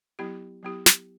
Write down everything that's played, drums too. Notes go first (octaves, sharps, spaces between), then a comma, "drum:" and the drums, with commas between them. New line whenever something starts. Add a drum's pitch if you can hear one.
F#3 B3 E4 G4
F#3 B3 E4 G4
drum: snare